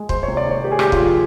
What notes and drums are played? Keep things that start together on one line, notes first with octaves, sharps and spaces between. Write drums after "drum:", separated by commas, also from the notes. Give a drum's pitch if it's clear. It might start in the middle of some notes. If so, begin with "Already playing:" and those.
Already playing: G#3
F#3 C5, drum: kick
C#5
C3
D5
D#3 C#5
A#3 G4
G#4
C3 G4, drum: rim click
F4, drum: kick
F3